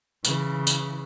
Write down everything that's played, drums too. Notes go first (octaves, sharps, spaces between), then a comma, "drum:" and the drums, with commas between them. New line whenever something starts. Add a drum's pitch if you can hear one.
C#3 E3, drum: tambourine
drum: tambourine